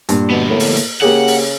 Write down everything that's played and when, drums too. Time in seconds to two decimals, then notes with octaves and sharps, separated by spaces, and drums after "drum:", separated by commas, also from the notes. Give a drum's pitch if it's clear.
0.09 G2 A#2, drum: hi-hat
0.31 D2 B2 B3
0.50 A2 A#3
0.60 drum: open hi-hat
0.77 drum: hi-hat
1.02 C#3 A#3 G4 G#4 F#5
1.27 drum: open hi-hat